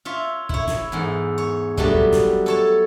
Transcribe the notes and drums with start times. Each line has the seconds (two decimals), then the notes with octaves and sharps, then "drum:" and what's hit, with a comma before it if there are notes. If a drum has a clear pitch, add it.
0.05 F4 C#5 E5
0.49 E4 C#5, drum: kick
0.67 drum: snare
0.92 E2 G#2
1.38 C#5
1.77 F#3 G3 A3 B3 D4 G4, drum: kick
1.94 drum: kick
2.12 drum: snare
2.46 A4 C#5 A5